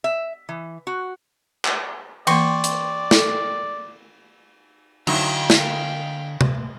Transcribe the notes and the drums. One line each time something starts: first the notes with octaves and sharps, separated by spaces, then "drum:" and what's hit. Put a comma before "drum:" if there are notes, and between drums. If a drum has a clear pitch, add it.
E5
E3
F#4
drum: clap
E3 A#3 D5 G5 C6 C#6, drum: cymbal
drum: hi-hat
A4, drum: snare
D3 F#3 D#4 E4 F5 G5, drum: cymbal
drum: snare
drum: tom